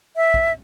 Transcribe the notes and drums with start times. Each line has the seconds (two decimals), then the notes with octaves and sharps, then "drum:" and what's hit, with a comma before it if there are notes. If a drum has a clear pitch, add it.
0.16 E5
0.34 drum: kick